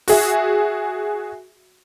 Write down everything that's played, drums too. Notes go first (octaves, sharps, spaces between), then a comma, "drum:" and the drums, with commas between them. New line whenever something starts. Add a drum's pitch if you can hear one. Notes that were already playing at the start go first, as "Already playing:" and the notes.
F#4 G#4 E5, drum: open hi-hat